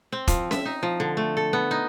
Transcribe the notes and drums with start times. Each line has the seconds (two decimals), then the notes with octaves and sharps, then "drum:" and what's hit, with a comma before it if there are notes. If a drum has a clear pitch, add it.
0.12 C4
0.28 F3, drum: kick E1, hi-hat
0.51 E5, drum: snare C#4
0.65 D#4
0.83 F3
1.00 D3
1.17 A3
1.37 A4
1.53 B3
1.71 D#4